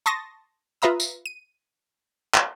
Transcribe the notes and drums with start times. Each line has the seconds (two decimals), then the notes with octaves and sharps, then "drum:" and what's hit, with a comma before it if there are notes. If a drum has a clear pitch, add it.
0.06 A5 C6 C#6 D#6 A6 A#6
0.82 F4 B4 E5 A#5 D#6
1.00 drum: tambourine
1.26 D#7
2.34 drum: clap